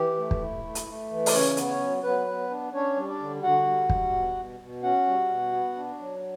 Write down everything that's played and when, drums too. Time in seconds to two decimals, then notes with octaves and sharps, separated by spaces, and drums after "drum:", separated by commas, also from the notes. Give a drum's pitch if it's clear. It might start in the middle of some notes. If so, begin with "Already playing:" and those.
Already playing: E3 G4
0.17 A3
0.31 drum: kick
0.41 E4
0.64 A3
0.75 drum: hi-hat
0.87 A3
1.10 E3
1.26 D5, drum: open hi-hat
1.33 C#3 C#4 C#5
1.57 B3, drum: hi-hat
1.68 C#4 C#5
1.81 F#3
2.03 F#3 B3 B4
2.27 B3
2.50 D4
2.73 C#4 D4 C#5
2.96 G3
3.08 D4 D5
3.19 D3
3.43 D3 F#4 F#5
3.67 G3
3.89 G3, drum: kick
4.13 B2
4.36 B2
4.60 B2
4.83 C#4 F#4 F#5
5.06 G3
5.29 B2
5.52 B3
5.76 D4
6.00 F#3